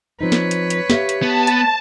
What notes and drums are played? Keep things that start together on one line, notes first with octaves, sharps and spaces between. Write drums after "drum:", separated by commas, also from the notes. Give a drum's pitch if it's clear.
F3 C4 D#4 B4 C#5
drum: snare
drum: hi-hat
drum: hi-hat
G4 E5 F5, drum: snare
drum: hi-hat
B3 A5
drum: hi-hat